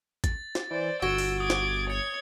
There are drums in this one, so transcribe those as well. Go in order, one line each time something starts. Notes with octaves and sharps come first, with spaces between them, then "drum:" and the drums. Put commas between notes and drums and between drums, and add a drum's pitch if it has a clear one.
A6, drum: kick A1, hi-hat
drum: snare
E3 C5 D5
G1 F#4 E6 G#6 D7 G7
drum: open hi-hat
D6 D#6 G#6
drum: snare
C#5 G#6 C#7